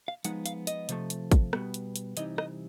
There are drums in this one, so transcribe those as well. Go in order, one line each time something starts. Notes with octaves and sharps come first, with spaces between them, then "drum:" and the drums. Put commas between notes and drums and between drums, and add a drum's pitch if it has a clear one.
F5
F3 G#3 B3 D#4 F#5, drum: hi-hat
F5, drum: hi-hat
D#5, drum: hi-hat
C3 F3 A3, drum: hi-hat
drum: hi-hat
drum: kick, hi-hat
B2 G3 B3, drum: rim click
drum: hi-hat
drum: hi-hat
C3 E3 G3 C4 D#4 D#5, drum: hi-hat
D#5, drum: rim click